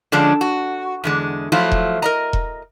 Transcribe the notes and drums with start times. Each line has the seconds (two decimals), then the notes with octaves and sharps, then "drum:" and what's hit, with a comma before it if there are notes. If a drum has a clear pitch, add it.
0.12 D3 F3 G#3 C#4 D4
0.41 F#4
1.04 E2 D3 G#3
1.52 F3 F#3 A3 E4 F4
1.72 drum: kick E1
2.02 A#4 D#5 A#5
2.33 drum: kick E1